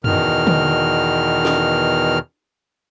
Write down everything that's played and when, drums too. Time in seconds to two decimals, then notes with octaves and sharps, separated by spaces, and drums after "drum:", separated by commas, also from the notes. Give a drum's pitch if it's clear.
0.04 E2 B2 D#3 F6, drum: tom F#2
0.47 drum: tom D3
1.45 drum: snare